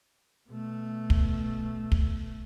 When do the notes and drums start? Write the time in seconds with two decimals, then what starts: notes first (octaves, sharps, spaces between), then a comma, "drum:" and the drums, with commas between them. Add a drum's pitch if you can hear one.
0.49 B2 A3
1.10 drum: kick
1.92 drum: kick